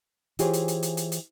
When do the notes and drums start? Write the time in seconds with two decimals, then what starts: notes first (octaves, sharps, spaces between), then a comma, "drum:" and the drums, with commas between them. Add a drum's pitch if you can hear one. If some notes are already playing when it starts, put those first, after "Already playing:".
0.39 E3 F4 G4 G#4 C5 C#5, drum: hi-hat
0.54 drum: hi-hat
0.68 drum: hi-hat
0.83 drum: hi-hat
0.97 drum: hi-hat
1.12 drum: hi-hat